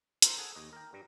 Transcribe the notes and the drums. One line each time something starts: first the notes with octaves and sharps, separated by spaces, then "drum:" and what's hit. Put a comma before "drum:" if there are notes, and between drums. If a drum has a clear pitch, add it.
A4 A#4 C5, drum: hi-hat
G#4 A4 F#5 G#5
D#2 D#5
A#4 G5
G2 G3 A#5